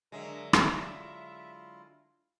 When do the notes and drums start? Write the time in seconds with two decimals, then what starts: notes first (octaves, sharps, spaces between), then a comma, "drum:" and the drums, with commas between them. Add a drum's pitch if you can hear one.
0.12 D3 F#3 G#3 A#4 E5
0.53 E4 F4, drum: rim click